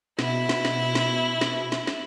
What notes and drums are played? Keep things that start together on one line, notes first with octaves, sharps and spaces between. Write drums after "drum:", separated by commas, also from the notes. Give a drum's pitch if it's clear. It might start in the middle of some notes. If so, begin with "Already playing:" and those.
B2 E4, drum: snare
drum: snare
drum: snare
drum: snare
drum: snare
drum: snare
drum: snare